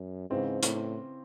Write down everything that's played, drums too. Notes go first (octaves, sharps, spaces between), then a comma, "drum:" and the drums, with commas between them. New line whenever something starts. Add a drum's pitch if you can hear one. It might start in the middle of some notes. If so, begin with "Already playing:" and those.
Already playing: F#2
G#2 C#3 E3 C4
A2, drum: hi-hat